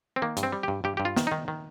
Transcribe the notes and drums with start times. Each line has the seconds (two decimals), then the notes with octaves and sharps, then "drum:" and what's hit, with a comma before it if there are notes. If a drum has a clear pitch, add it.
0.16 C4
0.22 D#3 A#3
0.37 G2, drum: hi-hat
0.43 C4
0.52 G3
0.63 G2 G4
0.84 G2 G4
0.97 G2 G4
1.05 F4
1.16 D#3, drum: snare
1.27 D#3 D#4
1.48 D#3